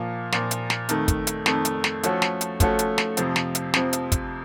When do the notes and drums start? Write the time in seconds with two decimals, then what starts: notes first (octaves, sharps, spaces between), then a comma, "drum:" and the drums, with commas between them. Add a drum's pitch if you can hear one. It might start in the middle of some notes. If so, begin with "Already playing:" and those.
Already playing: A#2 F3 A#3
0.32 A#2 F3 A#3, drum: snare
0.51 drum: hi-hat
0.70 drum: snare
0.89 F2 D#3 A3, drum: hi-hat
1.08 drum: kick, hi-hat
1.27 drum: hi-hat
1.46 F2 D#3 A3, drum: snare
1.65 drum: hi-hat
1.84 drum: snare
2.03 F3 A3 C#4 F#4 A4, drum: hi-hat
2.22 drum: snare
2.41 drum: hi-hat
2.60 F3 A3 C#4 F#4 A4, drum: kick, hi-hat
2.79 drum: hi-hat
2.98 drum: snare
3.17 F2 C3 F3 C4, drum: hi-hat
3.36 drum: snare
3.55 drum: hi-hat
3.74 F2 C3 F3 C4, drum: snare
3.93 drum: hi-hat
4.12 drum: kick, hi-hat